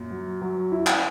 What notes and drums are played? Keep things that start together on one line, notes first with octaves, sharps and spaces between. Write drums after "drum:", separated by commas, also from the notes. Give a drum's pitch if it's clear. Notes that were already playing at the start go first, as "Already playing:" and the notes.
Already playing: F#2 A#2
F#3
F#3
E4
drum: clap